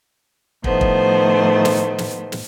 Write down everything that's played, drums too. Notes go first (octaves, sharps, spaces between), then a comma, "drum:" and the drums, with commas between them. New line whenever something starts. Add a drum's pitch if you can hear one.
A2 D#3 F3 A3 B3 C5, drum: kick
drum: kick
drum: snare
drum: snare
drum: snare